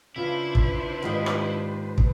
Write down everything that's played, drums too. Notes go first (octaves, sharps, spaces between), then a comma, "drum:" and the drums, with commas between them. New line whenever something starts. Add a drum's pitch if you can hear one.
C#3 D4 E4 F4 B4 C5
drum: kick
G#2 D#3 A#3 F4 G4 D#5
drum: rim click
drum: kick